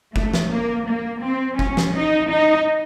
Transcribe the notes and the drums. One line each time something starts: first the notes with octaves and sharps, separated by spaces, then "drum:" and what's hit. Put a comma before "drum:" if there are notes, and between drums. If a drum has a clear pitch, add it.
A3, drum: kick F#1
drum: snare
A#3
A#3
C4
C#4, drum: kick F#1
drum: snare
D#4
D#4